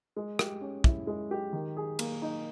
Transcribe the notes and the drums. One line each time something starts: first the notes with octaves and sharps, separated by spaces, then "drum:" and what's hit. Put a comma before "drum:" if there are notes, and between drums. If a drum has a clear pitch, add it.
G#3
G4, drum: rim click
C#4
E4, drum: kick
G#3
G4
D#3
G#4
A#3, drum: cymbal
D#4